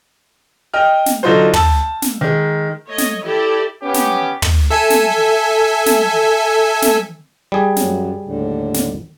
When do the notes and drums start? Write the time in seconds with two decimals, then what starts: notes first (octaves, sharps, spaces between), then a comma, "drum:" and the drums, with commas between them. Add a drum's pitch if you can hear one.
0.74 D#5 G5 F6
1.06 drum: snare
1.23 D3 F#3 D#4 F4 F#4 C5
1.53 A5 E6, drum: tom
2.02 drum: snare
2.21 D#3 G#3
2.86 A3 C#5 D#5
2.98 drum: snare
3.22 E4 G4 A4 D5
3.82 B3 C#4 G4
3.94 drum: snare
4.42 drum: tom
4.70 A4 E5 G#5
4.90 drum: snare
5.86 drum: snare
6.82 drum: snare
7.52 G3 G#4
7.76 F#2 F#3, drum: snare
8.24 D#2 A2 D3
8.74 drum: snare